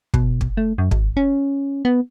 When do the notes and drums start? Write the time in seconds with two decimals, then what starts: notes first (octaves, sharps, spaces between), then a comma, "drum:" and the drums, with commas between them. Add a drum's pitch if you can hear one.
0.14 B2, drum: kick
0.41 drum: kick
0.57 A3
0.78 F#2
0.91 G#1, drum: kick
1.17 C#4
1.85 B3